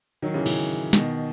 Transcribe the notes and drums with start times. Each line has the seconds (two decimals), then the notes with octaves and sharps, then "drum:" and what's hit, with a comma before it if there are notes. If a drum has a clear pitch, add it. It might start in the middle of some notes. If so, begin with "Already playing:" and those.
0.22 D#3 F#3
0.34 C#3 E3
0.46 C#3 E3, drum: cymbal
0.93 B2 D#3, drum: snare